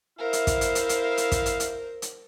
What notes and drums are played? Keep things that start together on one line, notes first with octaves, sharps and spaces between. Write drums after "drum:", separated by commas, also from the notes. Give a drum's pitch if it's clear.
E4 A#4 C5 E5 F5
drum: hi-hat
drum: kick, hi-hat
drum: hi-hat
drum: hi-hat
drum: hi-hat
drum: hi-hat
drum: kick, hi-hat
drum: hi-hat
drum: hi-hat
drum: hi-hat